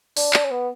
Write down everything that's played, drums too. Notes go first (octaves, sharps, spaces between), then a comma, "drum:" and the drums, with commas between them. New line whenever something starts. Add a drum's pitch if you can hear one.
D4, drum: open hi-hat
D4, drum: clap
C#4
B3